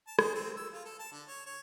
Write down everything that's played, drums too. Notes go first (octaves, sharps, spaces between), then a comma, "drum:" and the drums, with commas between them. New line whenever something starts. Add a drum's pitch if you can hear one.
A5
G#4, drum: rim click
C4
E6
F4
A4
A5
D3
C#5
C#5